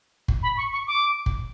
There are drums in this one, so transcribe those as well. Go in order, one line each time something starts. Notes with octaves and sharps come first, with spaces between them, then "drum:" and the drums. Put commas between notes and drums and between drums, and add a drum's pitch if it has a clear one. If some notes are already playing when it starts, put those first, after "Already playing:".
drum: kick G1
B5
C#6
C#6
D6
drum: kick G1